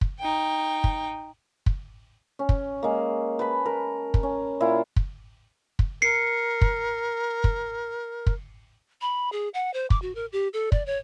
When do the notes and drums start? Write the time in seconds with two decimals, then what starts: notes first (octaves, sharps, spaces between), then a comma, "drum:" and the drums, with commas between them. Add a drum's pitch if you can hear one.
0.01 drum: kick
0.19 D#4 G5
0.84 drum: kick
1.66 drum: kick
2.39 C#4
2.49 drum: kick
2.83 G#3 A#3
3.39 B4 A5 B5
3.66 A#4
4.14 drum: kick
4.23 C#4
4.60 A#2 E4 F4
4.96 drum: kick
5.79 drum: kick
6.02 A#4 C7 C#7
6.61 drum: kick
7.44 drum: kick
8.26 drum: kick
9.01 B5
9.32 G#4
9.54 F#5
9.74 C5
9.90 D6, drum: kick
10.02 F#4
10.15 A#4
10.33 G4
10.53 A4
10.72 D5, drum: kick
10.86 C#5